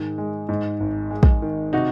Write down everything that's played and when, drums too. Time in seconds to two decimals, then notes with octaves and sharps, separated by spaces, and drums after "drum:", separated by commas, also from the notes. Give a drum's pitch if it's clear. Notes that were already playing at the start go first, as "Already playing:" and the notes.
Already playing: G#2 D#3 G#3
0.18 G#3
0.49 G#2
0.80 G#1
1.11 G#3
1.23 drum: kick
1.42 D#3
1.73 C3 D#4 F#4